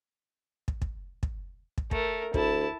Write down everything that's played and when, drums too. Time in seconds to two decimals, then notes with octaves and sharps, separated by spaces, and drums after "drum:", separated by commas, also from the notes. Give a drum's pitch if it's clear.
0.68 drum: kick
0.82 drum: kick
1.23 drum: kick
1.78 drum: kick
1.91 A3 A#4, drum: kick
2.34 D2 E4 A5, drum: kick